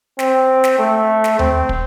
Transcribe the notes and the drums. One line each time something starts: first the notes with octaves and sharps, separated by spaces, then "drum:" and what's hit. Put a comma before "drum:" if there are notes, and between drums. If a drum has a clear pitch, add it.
C4, drum: snare
drum: snare
A3
drum: snare
C4, drum: tom D#2
drum: kick